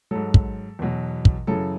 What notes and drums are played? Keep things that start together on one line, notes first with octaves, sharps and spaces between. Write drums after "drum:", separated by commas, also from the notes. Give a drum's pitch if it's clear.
G#2 F#3 A4
drum: kick
E2 B2 F#3
drum: kick
F#2 C#3 E3 A4